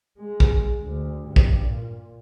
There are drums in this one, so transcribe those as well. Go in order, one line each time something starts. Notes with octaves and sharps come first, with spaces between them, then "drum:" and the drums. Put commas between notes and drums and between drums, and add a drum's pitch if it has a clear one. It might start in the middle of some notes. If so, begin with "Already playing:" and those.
G#3
drum: kick
D2
G2
drum: kick
A#2